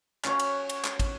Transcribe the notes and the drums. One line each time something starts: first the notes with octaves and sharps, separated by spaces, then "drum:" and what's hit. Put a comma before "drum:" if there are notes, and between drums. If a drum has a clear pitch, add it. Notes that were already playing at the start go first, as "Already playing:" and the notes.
C#4 F#4 C#5, drum: clap
drum: cymbal
drum: cymbal
drum: clap
drum: kick, cymbal